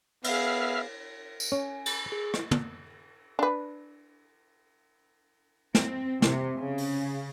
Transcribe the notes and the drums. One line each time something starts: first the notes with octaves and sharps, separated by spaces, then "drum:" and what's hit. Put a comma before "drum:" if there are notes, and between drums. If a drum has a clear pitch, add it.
B3 G#4 E5 F5 F6, drum: cymbal
drum: tambourine
C#4 G#5
drum: cymbal
G#4
drum: rim click
drum: tom
D4 B4
C4, drum: snare
C3, drum: snare
C#3
drum: open hi-hat